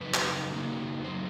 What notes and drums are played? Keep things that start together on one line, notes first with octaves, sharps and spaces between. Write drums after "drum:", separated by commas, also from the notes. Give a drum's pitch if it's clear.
F#2 C#3 F#3 D#4 B4
drum: clap
F#2 C#3 F#3 A#3 D#4
F#2 C#3 F#3 D#4 C5